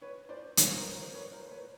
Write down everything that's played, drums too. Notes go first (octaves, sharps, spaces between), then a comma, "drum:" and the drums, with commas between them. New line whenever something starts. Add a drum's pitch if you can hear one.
B4 C#5
C5 D5
B4 C#5, drum: hi-hat
A#4 C5
A#4 C5
B4 C#5
A#4 C5
C5
B4 C#5